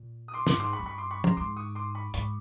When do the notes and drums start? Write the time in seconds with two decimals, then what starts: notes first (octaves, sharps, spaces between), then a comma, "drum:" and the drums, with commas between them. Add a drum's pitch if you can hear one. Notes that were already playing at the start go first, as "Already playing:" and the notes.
Already playing: A#2
0.28 D#6
0.34 C6 D6
0.47 C6 D6, drum: snare
0.54 G2
0.60 G#2 C6 D6
0.73 B5 C#6
0.79 G2
0.86 B5 C#6
0.98 C6 D6
1.11 B5 C#6
1.24 A#5 C6, drum: tom
1.37 G#2 C6 D6
1.57 C#6 D#6
1.75 C6 D6
1.95 B5 C#6
2.14 G#2 B5 C#6, drum: hi-hat